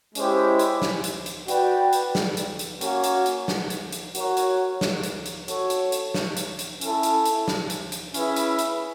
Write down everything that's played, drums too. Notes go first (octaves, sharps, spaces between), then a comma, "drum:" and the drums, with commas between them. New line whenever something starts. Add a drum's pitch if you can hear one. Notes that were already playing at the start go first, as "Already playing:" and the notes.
G#3 C#4 E4 G4 C5, drum: hi-hat
drum: hi-hat
drum: snare
drum: hi-hat
drum: hi-hat
F#4 B4 D5 G5, drum: hi-hat
drum: hi-hat
drum: snare
drum: hi-hat
drum: hi-hat
A#3 C#4 F#4, drum: hi-hat
drum: hi-hat
drum: hi-hat
drum: snare
drum: hi-hat
drum: hi-hat
F#4 A#4 C#5 F#5, drum: hi-hat
drum: hi-hat
drum: snare
drum: hi-hat
drum: hi-hat
F#4 A4 C#5, drum: hi-hat
drum: hi-hat
drum: hi-hat
drum: snare
drum: hi-hat
drum: hi-hat
C#4 E4 A4, drum: hi-hat
drum: hi-hat
drum: hi-hat
drum: snare
drum: hi-hat
drum: hi-hat
C#4 E4 G#4 B4 E5, drum: hi-hat
drum: hi-hat
drum: hi-hat